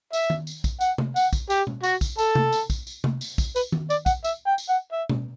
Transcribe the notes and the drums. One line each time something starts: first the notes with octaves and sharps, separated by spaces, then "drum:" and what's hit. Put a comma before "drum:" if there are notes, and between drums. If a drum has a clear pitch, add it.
E5, drum: tambourine
drum: tom
drum: tambourine
drum: kick, tambourine
F#5, drum: tambourine
drum: tom C3
F#5, drum: tambourine
drum: kick, tambourine
G4, drum: tambourine
drum: tom B2
F#4, drum: tambourine
drum: kick, tambourine
A4, drum: tambourine
drum: tom C3
drum: tambourine
drum: kick, tambourine
drum: tambourine
drum: tom C3
drum: tambourine
drum: kick, tambourine
B4, drum: tambourine
drum: tom
D5, drum: tambourine
F#5, drum: kick, tambourine
E5, drum: tambourine
G5
drum: tambourine
F#5
E5
drum: tom B2